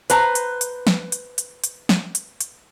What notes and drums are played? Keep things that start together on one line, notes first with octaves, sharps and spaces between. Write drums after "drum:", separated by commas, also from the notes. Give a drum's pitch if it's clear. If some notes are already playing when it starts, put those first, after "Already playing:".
B4 C5 A#5, drum: hi-hat
drum: hi-hat
drum: hi-hat
drum: snare
drum: hi-hat
drum: hi-hat
drum: hi-hat
drum: snare
drum: hi-hat
drum: hi-hat